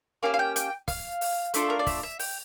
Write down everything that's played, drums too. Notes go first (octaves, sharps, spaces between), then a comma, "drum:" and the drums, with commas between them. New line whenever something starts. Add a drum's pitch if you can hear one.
A#3 C#4 G4 F5
F5
G5
G5, drum: hi-hat
F5, drum: kick, open hi-hat
drum: open hi-hat
A3 D4 F4 E5, drum: hi-hat
A4
A#4
D5
E5, drum: kick, open hi-hat
E5
G5, drum: open hi-hat